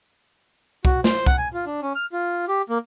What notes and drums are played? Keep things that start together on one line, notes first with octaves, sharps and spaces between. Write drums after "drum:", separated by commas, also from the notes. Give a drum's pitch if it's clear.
F#4, drum: kick C2
C5, drum: snare
F#5, drum: kick C2
G#5
F4
D4
C#4
F6
F4
G4
A#3